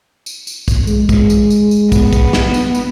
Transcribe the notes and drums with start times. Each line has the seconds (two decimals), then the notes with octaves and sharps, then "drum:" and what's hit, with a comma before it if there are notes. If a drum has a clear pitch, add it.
0.26 drum: tambourine
0.47 drum: tambourine
0.68 drum: kick, tambourine
0.87 G#3, drum: tambourine
1.09 drum: kick, tambourine
1.30 drum: tambourine
1.50 drum: tambourine
1.71 drum: tambourine
1.92 B3, drum: kick, tambourine
2.13 drum: kick, tambourine
2.33 drum: snare
2.54 drum: tambourine
2.75 drum: tambourine